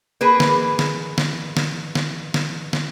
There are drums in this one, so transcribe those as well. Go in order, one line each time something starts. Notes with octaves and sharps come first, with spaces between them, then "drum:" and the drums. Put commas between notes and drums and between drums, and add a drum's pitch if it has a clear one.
A#3 G#4 B4
drum: snare
drum: snare
drum: snare
drum: snare
drum: snare
drum: snare
drum: snare